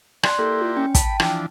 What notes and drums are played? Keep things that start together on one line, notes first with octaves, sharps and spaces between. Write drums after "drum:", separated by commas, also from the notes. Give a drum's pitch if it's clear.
D5 C6 F#6, drum: rim click
A#3 E4 G4 A4
F4
C#4 G5
G5 A5 B5, drum: kick, hi-hat
E3 F3 D4, drum: rim click